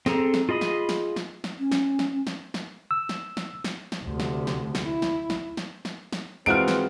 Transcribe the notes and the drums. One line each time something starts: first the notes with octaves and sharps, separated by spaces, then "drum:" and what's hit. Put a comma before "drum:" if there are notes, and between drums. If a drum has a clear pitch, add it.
C4 G#4 A4 A#5, drum: snare
drum: snare
F4 G#4 D#5 B5 D#6
drum: snare
drum: snare
drum: snare
drum: snare
C#4
drum: snare
drum: snare
drum: snare
drum: snare
E6
drum: snare
drum: snare
drum: snare
drum: snare
D2 C3
drum: snare
drum: snare
drum: snare
E4
drum: snare
drum: snare
drum: snare
drum: snare
drum: snare
G#2 E3 C4 F4 F#4 F6 D7
drum: snare